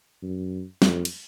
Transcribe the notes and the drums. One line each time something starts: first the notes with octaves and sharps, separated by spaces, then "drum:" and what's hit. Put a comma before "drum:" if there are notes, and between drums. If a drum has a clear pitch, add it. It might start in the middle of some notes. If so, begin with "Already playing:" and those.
F#2
F2, drum: snare
drum: cymbal